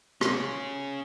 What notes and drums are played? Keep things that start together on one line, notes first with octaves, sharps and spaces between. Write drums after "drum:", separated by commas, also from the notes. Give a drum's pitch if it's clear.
C#4 G#4, drum: rim click